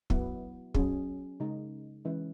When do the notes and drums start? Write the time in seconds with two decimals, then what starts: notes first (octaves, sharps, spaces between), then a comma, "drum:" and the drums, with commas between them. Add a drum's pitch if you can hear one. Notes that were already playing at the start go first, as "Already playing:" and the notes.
0.10 F#3 B3 E4, drum: kick
0.74 F#3 C#4 G#4, drum: kick
1.40 C#3 G#3 D#4
2.05 E3 G#3 C#4 E4 B4